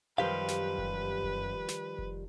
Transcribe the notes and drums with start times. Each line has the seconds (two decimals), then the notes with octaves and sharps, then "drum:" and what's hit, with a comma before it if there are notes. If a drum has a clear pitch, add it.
0.18 F#2 D#3 F3 G3 G4 B4 F5
0.48 drum: snare
0.78 drum: kick F1
1.23 drum: kick F1
1.68 drum: snare
1.98 drum: kick F1